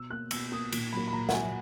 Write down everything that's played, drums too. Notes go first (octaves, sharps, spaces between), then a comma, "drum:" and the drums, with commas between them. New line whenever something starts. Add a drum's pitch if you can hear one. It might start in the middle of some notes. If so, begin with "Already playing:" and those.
Already playing: B2 E6
A#3 F#6
B2 E6, drum: cymbal
A#3 D#6
A#2, drum: cymbal
F#3 A#3 B5
B5
A#2 A#5
F#5, drum: snare
F#3 A#3 G#5